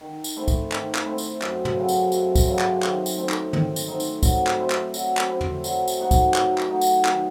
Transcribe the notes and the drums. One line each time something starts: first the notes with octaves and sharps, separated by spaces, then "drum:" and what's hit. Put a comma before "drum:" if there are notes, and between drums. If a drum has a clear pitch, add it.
D#3
drum: tambourine
A3 C4 E4
drum: kick, tambourine
D#3, drum: clap
drum: clap
A3 C4 E4
drum: tambourine
F#2, drum: clap
drum: tom
C#3 F#3 C4
drum: tambourine
F#2, drum: tambourine
drum: kick, tambourine
C#3 F#3 C4
drum: clap
D#3, drum: clap
drum: tambourine
A3 C4 D#4
drum: clap
D#3, drum: tom
drum: tambourine
A3 C4 D#4
drum: tambourine
F#3, drum: kick, tambourine
drum: clap
C4 E4 A4
drum: clap
F#3, drum: tambourine
drum: clap
C4 E4 A4
drum: tom
F#3, drum: tambourine
drum: tambourine
A3 D#4 F#4
drum: kick, tambourine
F#3, drum: clap
drum: clap
A3 D#4 F#4
drum: tambourine
D#3, drum: clap